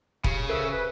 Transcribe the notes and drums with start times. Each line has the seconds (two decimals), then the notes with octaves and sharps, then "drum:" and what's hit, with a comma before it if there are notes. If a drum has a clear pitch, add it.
0.24 C#3 G4 D#6, drum: kick
0.49 A4 A#4 C5 E5
0.71 B4